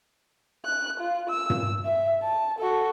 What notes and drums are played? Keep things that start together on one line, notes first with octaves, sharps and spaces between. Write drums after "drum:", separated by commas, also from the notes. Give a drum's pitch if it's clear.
F#6
F4
E6
drum: tom
E5
A5
F#4 A4